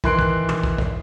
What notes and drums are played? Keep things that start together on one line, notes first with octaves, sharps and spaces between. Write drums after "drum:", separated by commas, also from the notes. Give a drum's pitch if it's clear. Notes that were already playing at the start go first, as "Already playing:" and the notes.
D#3 E3 C6 F#6 C7 D7, drum: kick
drum: kick
drum: tom
drum: kick
drum: kick